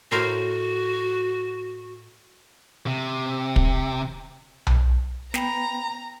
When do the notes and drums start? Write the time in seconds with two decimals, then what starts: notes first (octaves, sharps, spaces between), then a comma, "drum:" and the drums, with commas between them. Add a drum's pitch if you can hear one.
0.12 A2 F#4 A#4 C5
2.87 C3
3.56 drum: kick
4.67 drum: tom B1
5.34 B3 G5 A#5 B5, drum: snare